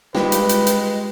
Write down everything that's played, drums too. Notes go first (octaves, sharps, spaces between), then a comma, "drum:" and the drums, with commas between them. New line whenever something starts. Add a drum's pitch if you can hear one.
G3 G#3 F4 G4 B4, drum: snare
drum: hi-hat
drum: hi-hat
drum: hi-hat